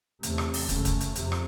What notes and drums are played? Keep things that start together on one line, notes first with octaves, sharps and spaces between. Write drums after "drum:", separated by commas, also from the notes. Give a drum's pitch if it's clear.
E2 C3 A3, drum: hi-hat
drum: rim click
drum: open hi-hat
F#2 C#3 A3, drum: kick, hi-hat
drum: kick, hi-hat
drum: hi-hat
F2 C3, drum: hi-hat
drum: rim click